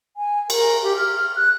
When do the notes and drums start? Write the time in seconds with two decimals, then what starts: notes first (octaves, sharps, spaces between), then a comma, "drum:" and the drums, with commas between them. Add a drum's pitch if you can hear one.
0.17 G#5
0.50 A#4, drum: cymbal
0.83 G4
0.97 F6
1.36 F#6